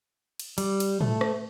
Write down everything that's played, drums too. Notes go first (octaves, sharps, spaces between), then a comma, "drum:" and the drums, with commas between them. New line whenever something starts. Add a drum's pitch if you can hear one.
drum: cymbal
G3, drum: cymbal
drum: cymbal
A3, drum: tom A2
drum: rim click